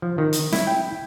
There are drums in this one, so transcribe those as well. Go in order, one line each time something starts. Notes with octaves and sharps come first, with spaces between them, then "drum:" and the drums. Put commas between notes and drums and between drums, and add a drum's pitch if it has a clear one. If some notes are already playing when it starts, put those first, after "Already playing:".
F3
D#3
drum: hi-hat
E4, drum: snare
G5